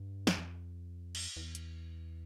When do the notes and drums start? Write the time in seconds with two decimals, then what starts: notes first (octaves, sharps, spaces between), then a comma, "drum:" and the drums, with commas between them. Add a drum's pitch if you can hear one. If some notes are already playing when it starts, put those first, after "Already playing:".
Already playing: G2
0.27 F#2, drum: snare
0.38 F2
1.15 drum: cymbal
1.36 E2
1.55 drum: hi-hat